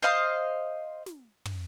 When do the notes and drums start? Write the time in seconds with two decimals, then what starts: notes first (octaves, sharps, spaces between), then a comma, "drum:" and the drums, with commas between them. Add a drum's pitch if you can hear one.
0.02 C5 D#5 F5 D#6
1.06 drum: snare
1.45 drum: tom